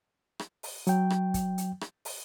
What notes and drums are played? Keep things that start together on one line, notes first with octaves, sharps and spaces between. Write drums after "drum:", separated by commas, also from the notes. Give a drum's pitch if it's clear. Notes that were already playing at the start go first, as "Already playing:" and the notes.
drum: rim click
drum: open hi-hat
F#3 G5, drum: hi-hat
drum: rim click
drum: kick, hi-hat
drum: hi-hat
drum: rim click
drum: open hi-hat